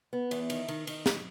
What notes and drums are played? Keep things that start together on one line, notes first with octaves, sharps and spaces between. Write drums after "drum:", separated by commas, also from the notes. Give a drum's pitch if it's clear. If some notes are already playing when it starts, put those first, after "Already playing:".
B3
E2, drum: cymbal
D#3, drum: cymbal
D#3, drum: cymbal
D#3, drum: cymbal
drum: snare